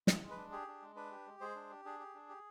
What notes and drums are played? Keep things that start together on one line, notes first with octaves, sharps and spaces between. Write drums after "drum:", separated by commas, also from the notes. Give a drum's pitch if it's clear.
G#3, drum: snare
G#3
B4
D4
G4 G#4
D4
G#3
D4 B4
G4
G#3
G#3 G#4 C5
D4
G4
D4 G#4
G4
D4
G4